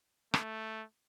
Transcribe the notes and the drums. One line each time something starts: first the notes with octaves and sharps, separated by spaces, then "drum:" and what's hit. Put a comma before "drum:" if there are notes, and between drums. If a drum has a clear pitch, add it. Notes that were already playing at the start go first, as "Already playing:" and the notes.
A3, drum: rim click